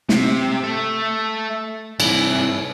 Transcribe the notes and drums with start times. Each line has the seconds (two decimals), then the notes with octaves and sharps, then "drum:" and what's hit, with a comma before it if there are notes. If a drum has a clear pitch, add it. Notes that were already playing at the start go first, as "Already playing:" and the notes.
0.09 C3, drum: snare
0.64 A3 A4
2.00 C2 E3, drum: cymbal